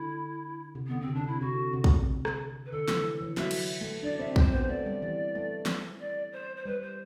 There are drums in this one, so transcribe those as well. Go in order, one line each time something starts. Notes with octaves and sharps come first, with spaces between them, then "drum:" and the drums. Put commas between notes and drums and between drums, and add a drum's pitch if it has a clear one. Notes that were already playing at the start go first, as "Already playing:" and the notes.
Already playing: D3 E4
C3
D3 B3
D3 C4
C3
D3 D4
C3 E4
C3 F#4
C3
drum: kick
drum: rim click
B4
D3 A4
E3, drum: snare
E3
F#3 E5, drum: snare
drum: cymbal
A3
D4 D5
C4 E5
C4 C5, drum: kick
B3 C5
A3 D5
G3
E3
A3
drum: snare
D5
C5
C5
G3 B4
C5